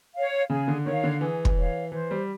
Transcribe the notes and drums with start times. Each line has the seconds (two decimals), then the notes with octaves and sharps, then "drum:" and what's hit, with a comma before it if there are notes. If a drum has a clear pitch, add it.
0.15 C#5 F5
0.50 C#3 G#4
0.68 D3
0.85 D#3 C#5 F5
1.04 D3
1.21 E3 G#4
1.45 drum: kick
1.56 C#5 F5
1.92 E3 C5
2.11 G3